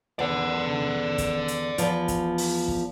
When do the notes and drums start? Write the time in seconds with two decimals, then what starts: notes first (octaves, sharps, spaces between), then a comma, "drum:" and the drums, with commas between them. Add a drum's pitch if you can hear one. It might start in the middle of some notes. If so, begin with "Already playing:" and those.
0.19 E2 D5 F#5
1.18 drum: kick, hi-hat
1.48 drum: hi-hat
1.78 E2 F3, drum: hi-hat
2.08 drum: kick, hi-hat
2.38 drum: open hi-hat
2.68 drum: kick